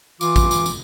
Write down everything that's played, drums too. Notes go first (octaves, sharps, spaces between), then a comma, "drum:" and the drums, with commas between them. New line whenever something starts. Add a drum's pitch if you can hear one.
E3 F4 D6, drum: tambourine
drum: kick A1, tambourine
drum: tambourine
drum: tambourine